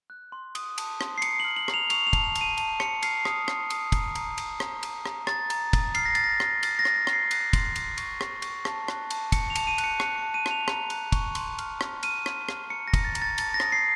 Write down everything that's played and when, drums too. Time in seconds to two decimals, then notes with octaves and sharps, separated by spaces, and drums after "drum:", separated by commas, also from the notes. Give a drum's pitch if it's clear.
0.10 F#6
0.32 C6
0.55 D#6, drum: cymbal
0.78 A5, drum: cymbal
1.01 C6, drum: rim click
1.18 C7
1.22 A#5 C#7, drum: cymbal
1.40 F6 F#7
1.56 F#7
1.68 A#5, drum: rim click
1.74 F7
1.90 C#6 F7, drum: cymbal
2.07 F7
2.13 A5, drum: kick, cymbal
2.24 F7
2.35 A5, drum: cymbal
2.41 D#7
2.57 A5, drum: cymbal
2.80 C6 C#7, drum: rim click
3.03 F6 C7, drum: cymbal
3.25 D#6, drum: rim click
3.48 C6, drum: rim click
3.70 D#6, drum: cymbal
3.92 A#5, drum: kick, cymbal
4.15 A#5, drum: cymbal
4.38 A#5, drum: cymbal
4.60 A#5, drum: rim click
4.83 A#5, drum: cymbal
5.06 A#5, drum: rim click
5.27 A#5 A6, drum: rim click
5.50 A#5, drum: cymbal
5.73 D#6, drum: kick, cymbal
5.95 F6 C7, drum: cymbal
6.05 A#6
6.15 A#5 A6, drum: cymbal
6.24 A#6
6.40 A#5, drum: rim click
6.63 F6 A6, drum: cymbal
6.79 A#6
6.85 F6, drum: rim click
6.96 A#6
7.07 A#5, drum: rim click
7.13 C7
7.31 F#6 A#6, drum: cymbal
7.53 C6, drum: kick, cymbal
7.76 C6, drum: cymbal
7.98 C#6, drum: cymbal
8.21 C#6, drum: rim click
8.42 C#6, drum: cymbal
8.65 A5, drum: rim click
8.88 F#6, drum: rim click
9.10 A5, drum: cymbal
9.32 A5 C#7, drum: kick, cymbal
9.50 F7
9.55 A5, drum: cymbal
9.67 D#7
9.78 F#6, drum: cymbal
9.84 C#7
10.00 F#6 C#7, drum: rim click
10.18 A5 C#7
10.34 D#7
10.46 A5 F7, drum: rim click
10.68 A#5, drum: rim click
10.90 F#6, drum: cymbal
11.12 C#6, drum: kick, cymbal
11.35 C6, drum: cymbal
11.58 F6, drum: cymbal
11.81 C6, drum: rim click
12.03 F6 D#7, drum: cymbal
12.26 C6, drum: rim click
12.49 F6, drum: rim click
12.70 A#5 C#7
12.88 A#6
12.94 A#5, drum: kick, cymbal
13.05 A6
13.15 A#5, drum: cymbal
13.22 A6
13.38 A5 A6, drum: cymbal
13.54 A#6
13.60 D#6, drum: rim click
13.72 C7